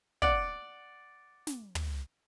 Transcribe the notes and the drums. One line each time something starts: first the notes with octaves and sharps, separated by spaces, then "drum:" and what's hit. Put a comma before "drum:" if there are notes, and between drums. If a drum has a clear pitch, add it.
D5 F#5, drum: kick
drum: snare
drum: tom